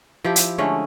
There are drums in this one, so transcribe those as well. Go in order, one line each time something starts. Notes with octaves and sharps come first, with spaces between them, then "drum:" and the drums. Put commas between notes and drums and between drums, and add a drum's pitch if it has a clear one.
F3 E4 G4
drum: hi-hat
D3 G#3 A3 C#4